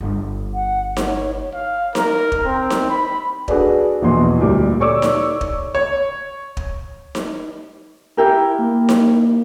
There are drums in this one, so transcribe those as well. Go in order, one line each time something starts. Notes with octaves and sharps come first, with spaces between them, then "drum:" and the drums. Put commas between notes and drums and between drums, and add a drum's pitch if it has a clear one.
G1
F#5
drum: snare D#4
C#5
F5
A#4, drum: snare D#4
drum: kick
C4
drum: snare D#4
B5
D4 F#4 G#4 A4 B4 D5, drum: kick
A#1 E2 B2 E3 C6
D2 A#2 G3 D6
A4 C#5 D5 C#6 D6 E6
drum: snare D#4
drum: kick
C#5
drum: kick
drum: snare D#4
E4 G4 A#4
A#3
drum: snare D#4